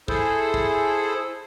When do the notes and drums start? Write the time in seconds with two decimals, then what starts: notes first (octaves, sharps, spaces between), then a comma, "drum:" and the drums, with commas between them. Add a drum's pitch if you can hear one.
0.08 E4 G#4 A4 C5, drum: kick
0.54 drum: kick